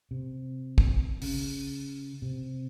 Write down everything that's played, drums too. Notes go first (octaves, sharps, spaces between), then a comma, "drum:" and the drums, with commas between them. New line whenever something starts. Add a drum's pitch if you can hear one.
C3
drum: kick
C#3, drum: open hi-hat
C3